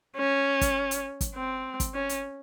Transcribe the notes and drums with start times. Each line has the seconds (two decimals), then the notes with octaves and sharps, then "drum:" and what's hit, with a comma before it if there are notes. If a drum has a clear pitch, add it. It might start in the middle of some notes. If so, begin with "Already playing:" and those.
0.16 C#4
0.61 drum: kick, hi-hat
0.91 drum: hi-hat
1.21 drum: kick, hi-hat
1.35 C4
1.80 drum: kick, hi-hat
1.94 C#4
2.09 drum: hi-hat